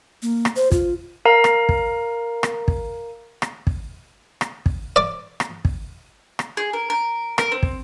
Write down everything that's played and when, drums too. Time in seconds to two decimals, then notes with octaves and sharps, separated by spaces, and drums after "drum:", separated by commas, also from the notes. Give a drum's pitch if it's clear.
0.22 A#3
0.45 drum: rim click
0.56 C5
0.72 F4, drum: kick
1.25 A#4 F5 A#5
1.44 drum: rim click
1.69 drum: kick
2.43 drum: rim click
2.68 drum: kick
3.42 drum: rim click
3.67 drum: kick
4.41 drum: rim click
4.66 drum: kick
4.96 D5 D6
5.40 drum: rim click
5.65 drum: kick
6.39 drum: rim click
6.57 G#4
6.73 A#4
6.90 A#4
7.38 A#4, drum: rim click
7.52 C4
7.63 drum: kick